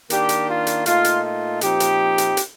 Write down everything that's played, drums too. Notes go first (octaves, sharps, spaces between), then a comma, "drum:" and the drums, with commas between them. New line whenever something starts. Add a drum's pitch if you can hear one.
D#3 A#3 D4 G4, drum: hi-hat
drum: hi-hat
F4
drum: hi-hat
A#2 A3 D#4 F4, drum: hi-hat
drum: hi-hat
F4
A#2 F3 C4 D#4 G4, drum: hi-hat
drum: hi-hat
drum: hi-hat
drum: hi-hat